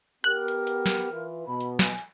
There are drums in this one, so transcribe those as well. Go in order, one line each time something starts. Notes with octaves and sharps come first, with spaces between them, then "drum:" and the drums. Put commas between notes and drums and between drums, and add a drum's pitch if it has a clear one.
B3 G4 A#4 F#6
drum: hi-hat
drum: hi-hat
drum: snare
E3 F4 B4
B2 B5
drum: hi-hat
G#5, drum: snare
drum: hi-hat